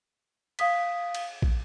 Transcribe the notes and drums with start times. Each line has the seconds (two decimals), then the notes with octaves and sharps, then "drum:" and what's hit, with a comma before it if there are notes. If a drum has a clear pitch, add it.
0.59 F5 D#6 B6, drum: cymbal
1.15 drum: cymbal
1.42 drum: kick